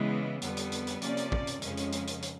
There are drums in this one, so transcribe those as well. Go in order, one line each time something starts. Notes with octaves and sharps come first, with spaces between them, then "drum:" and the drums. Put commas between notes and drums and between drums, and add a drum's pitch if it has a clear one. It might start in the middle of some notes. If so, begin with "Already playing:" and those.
Already playing: C#3 E3 G#3 B3
F2 D3 G3 B3, drum: hi-hat
drum: hi-hat
drum: hi-hat
drum: hi-hat
C3 F3 A#3 C#4 D5, drum: hi-hat
drum: hi-hat
drum: kick
drum: hi-hat
F2 C#3 F3 G#3 C#4, drum: hi-hat
drum: hi-hat
drum: hi-hat
drum: hi-hat
drum: hi-hat